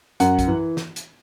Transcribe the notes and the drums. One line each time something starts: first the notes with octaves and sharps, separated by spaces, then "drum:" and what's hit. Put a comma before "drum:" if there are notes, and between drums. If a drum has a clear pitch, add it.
F#2 F#5, drum: hi-hat
drum: kick A#1, hi-hat
E3
drum: snare
drum: hi-hat